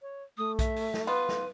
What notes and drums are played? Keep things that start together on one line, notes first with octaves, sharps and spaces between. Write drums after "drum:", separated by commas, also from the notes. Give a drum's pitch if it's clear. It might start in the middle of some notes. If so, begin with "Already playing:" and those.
C#5
A3 D#6
E5, drum: kick B1, hi-hat
drum: open hi-hat
drum: snare
B3 F4 B4
drum: snare